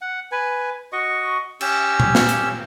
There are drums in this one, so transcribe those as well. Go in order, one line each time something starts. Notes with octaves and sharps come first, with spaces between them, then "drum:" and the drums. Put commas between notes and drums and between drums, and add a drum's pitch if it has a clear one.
F#5
B4 G#5
F#4 D#5 C#6
C#4 G4 E6, drum: cymbal
drum: tom A#2
drum: snare
drum: hi-hat